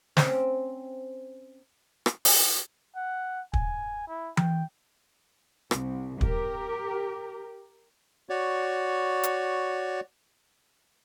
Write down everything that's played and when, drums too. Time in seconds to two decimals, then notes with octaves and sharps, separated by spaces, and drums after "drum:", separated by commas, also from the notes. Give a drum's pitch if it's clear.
0.17 C4 C#4, drum: snare
2.06 drum: rim click
2.25 drum: open hi-hat
2.96 F#5
3.53 G#5, drum: kick
4.08 E4
4.37 G5, drum: tom E3
5.71 C2, drum: rim click
6.21 G4 A#4, drum: kick
8.29 F#4 C#5 D5
9.23 drum: hi-hat